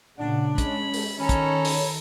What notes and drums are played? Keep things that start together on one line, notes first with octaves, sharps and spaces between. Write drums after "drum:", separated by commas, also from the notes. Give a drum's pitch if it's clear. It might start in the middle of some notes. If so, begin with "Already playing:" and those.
A#2 C#3 D4 F#5
G#3 C#4 A5 B5, drum: kick, hi-hat
drum: open hi-hat
D#3 C#4 A4 C#5 A#5 B5
drum: kick, hi-hat
drum: open hi-hat